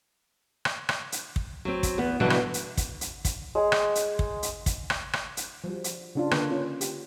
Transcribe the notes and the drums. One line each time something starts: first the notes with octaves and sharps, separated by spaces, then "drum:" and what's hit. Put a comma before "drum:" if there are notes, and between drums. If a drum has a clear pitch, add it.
drum: rim click
drum: rim click
drum: hi-hat
drum: kick
F#3 C4
drum: kick, hi-hat
E2 B3
G2 B2 D3 E3 F#3
drum: rim click
drum: hi-hat
drum: kick, hi-hat
drum: hi-hat
drum: kick, hi-hat
G#3
drum: rim click
drum: hi-hat
drum: kick
drum: hi-hat
drum: kick, hi-hat
drum: rim click
drum: rim click
drum: hi-hat
F3 G3 F#4
drum: hi-hat
C#3 D4 F4
D3 A#3 B4, drum: rim click
C#4 F4
G4, drum: hi-hat